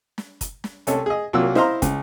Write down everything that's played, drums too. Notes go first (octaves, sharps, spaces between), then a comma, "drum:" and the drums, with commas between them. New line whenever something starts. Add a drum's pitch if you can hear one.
drum: snare
drum: kick, hi-hat
drum: snare
C2 C#4 A4 C#5, drum: hi-hat
G#4 D#5
C2 F#3 A#3 F4 F#4 E6
E4 C5 D#5 F5 A#5 C6, drum: snare
C#2, drum: kick, hi-hat